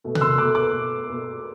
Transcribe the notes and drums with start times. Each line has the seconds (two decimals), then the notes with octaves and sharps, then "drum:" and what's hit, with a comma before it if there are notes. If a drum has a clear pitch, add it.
0.04 B2 A3
0.15 F#6, drum: tom C3
0.21 C6 E6
0.38 B2 A3 D6 F#6
0.55 D6 F#6
0.72 B2 A3
1.06 B2 A3